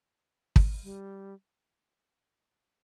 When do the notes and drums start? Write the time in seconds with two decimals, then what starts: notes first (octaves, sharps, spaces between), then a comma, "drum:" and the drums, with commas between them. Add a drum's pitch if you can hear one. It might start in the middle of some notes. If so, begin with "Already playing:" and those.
0.56 drum: kick
0.83 G3